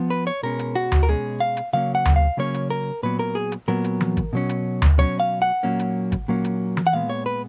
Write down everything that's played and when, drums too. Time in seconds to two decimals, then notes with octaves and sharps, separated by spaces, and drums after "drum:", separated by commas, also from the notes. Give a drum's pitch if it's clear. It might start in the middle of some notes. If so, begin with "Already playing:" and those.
Already playing: F3 B3
0.10 B4
0.27 C#5
0.43 B2 G#3 C#4 A#4
0.59 drum: hi-hat
0.75 F#4
0.92 drum: tom D2
1.03 A#4
1.08 B2 G#3 C#4 G#4
1.40 F5
1.57 drum: hi-hat
1.73 C#3 F#3 A#3 C#4 F5
1.95 F#5
2.06 drum: tom D2
2.16 F5
2.37 C#3 F#3 A#3 C#4 C#5
2.54 drum: hi-hat
2.70 A#4
3.03 A#2 F#3 B3 B4
3.19 A#4
3.35 G#4
3.52 drum: hi-hat
3.68 A#2 F#3 B3 A#4
3.84 drum: hi-hat
4.01 drum: tom E3
4.17 drum: kick, hi-hat
4.33 B2 F#3 C#4
4.49 drum: hi-hat
4.82 drum: tom D2
4.98 B2 F#3 C#4 C#5
5.20 F5
5.42 F#5
5.63 A#2 F#3 A#3 C#4
5.79 drum: hi-hat
6.12 drum: kick, hi-hat
6.28 A#2 F#3 A#3 C#4
6.44 drum: hi-hat
6.77 drum: tom E3
6.87 F#5
6.93 A#2 G#3 B3 F5
7.10 C#5
7.26 B4